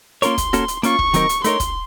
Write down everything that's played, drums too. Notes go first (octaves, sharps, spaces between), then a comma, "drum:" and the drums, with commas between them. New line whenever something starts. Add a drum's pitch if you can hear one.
A#3 C#4 F4 A#4 C#5 C6, drum: hi-hat
drum: kick, hi-hat
A#3 C#4 F#4 A4, drum: hi-hat
drum: hi-hat
A#3 C#4 F4 C#6, drum: hi-hat
drum: kick
D#3 F#3 C4 D#4 A#4, drum: hi-hat
drum: hi-hat
A3 D#4 A#4 C#5 C6, drum: hi-hat
drum: kick, hi-hat